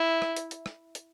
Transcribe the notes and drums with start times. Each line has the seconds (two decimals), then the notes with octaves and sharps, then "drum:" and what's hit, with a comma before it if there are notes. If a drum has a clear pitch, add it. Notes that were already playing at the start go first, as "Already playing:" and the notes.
Already playing: E4
0.22 drum: rim click
0.36 drum: hi-hat
0.51 drum: hi-hat
0.66 drum: rim click
0.95 drum: hi-hat